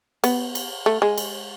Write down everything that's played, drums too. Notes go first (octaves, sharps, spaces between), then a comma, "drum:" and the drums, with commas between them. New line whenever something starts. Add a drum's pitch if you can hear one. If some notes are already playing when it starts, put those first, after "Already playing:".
B3, drum: cymbal
drum: cymbal
A3
G#3
drum: cymbal